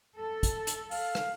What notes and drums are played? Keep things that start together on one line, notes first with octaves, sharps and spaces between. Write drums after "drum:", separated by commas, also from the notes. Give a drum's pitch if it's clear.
A4
drum: kick, hi-hat
drum: hi-hat
F5, drum: open hi-hat
drum: rim click